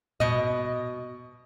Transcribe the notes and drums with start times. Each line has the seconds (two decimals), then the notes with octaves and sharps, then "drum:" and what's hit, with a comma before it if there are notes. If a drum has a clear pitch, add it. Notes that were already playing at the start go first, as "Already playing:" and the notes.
0.20 B2 D#5, drum: tom A#2